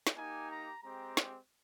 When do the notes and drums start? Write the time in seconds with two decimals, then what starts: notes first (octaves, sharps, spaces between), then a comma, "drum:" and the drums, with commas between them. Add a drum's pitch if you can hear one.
0.07 drum: snare
0.17 A#3 D#4 G4 G#5
0.50 A#5
0.83 G#3 C4 G4 A#5
1.17 drum: snare